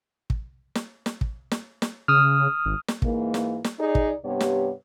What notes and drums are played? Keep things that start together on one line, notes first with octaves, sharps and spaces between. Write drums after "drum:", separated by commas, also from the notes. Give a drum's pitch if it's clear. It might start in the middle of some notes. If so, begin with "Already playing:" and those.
drum: kick
drum: snare
drum: snare
drum: kick
drum: snare
drum: snare
C#3 D#6 F6
G#1
drum: snare
G#2 E3 A#3, drum: kick
drum: snare
drum: snare
D#4 G#4 D5
drum: kick
G2 C3 B3 G4 C#5
drum: snare